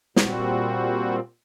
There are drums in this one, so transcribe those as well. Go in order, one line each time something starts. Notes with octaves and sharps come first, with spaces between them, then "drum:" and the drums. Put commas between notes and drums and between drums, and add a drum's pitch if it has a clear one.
A#2 G3 C4 F#4, drum: snare